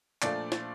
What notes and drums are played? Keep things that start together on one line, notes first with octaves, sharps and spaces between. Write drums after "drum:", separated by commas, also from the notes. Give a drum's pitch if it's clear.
A#2 F3 A3 D4 F4 D5, drum: clap
drum: snare